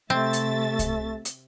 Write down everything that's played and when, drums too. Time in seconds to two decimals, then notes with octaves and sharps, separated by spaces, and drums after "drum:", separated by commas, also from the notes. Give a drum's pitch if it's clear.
0.10 C3 A3 C4 E5 A6
0.33 drum: hi-hat
0.79 drum: kick C2, hi-hat
1.25 drum: hi-hat